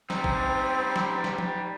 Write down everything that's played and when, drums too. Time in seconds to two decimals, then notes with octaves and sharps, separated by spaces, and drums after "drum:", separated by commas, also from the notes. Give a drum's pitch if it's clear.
0.10 G3 C4 D#4, drum: snare
0.24 drum: kick
0.96 drum: snare
1.24 drum: snare
1.38 drum: tom F3